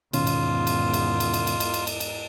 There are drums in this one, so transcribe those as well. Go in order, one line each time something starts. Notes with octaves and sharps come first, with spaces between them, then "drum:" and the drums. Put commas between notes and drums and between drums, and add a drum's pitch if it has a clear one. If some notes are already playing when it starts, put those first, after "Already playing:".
E2 G#2 B2 D#3 C#4 F4, drum: cymbal
drum: cymbal
drum: cymbal
drum: cymbal
drum: cymbal
drum: cymbal
drum: cymbal
drum: cymbal
drum: cymbal
drum: cymbal
drum: cymbal